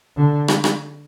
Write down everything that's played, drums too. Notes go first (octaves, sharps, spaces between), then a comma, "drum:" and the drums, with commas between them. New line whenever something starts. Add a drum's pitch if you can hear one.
D3
drum: rim click
drum: rim click